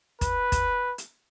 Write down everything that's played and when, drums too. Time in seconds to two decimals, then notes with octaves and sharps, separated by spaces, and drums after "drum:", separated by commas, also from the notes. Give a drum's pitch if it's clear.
0.21 B4, drum: kick, hi-hat
0.52 drum: kick, hi-hat
0.98 drum: hi-hat